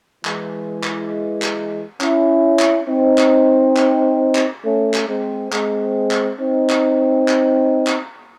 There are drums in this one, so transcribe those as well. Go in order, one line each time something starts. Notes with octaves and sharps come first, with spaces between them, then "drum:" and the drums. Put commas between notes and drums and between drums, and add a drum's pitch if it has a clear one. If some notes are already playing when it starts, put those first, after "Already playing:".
E3 G#3, drum: clap
drum: clap
drum: clap
C#4 E4, drum: clap
drum: clap
C4 D#4
drum: clap
drum: clap
drum: clap
A3 C#4
drum: clap
G#3 C4
G#3 C4, drum: clap
drum: clap
C4 D#4
drum: clap
drum: clap
drum: clap